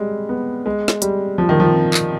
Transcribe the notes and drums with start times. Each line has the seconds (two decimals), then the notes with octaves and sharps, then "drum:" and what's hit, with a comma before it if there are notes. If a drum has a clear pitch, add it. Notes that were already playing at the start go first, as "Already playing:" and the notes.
Already playing: G3 G#3
0.29 B3
0.66 G#3
0.88 drum: snare
1.02 G3, drum: hi-hat
1.38 F3
1.49 D#3
1.60 F3
1.94 drum: clap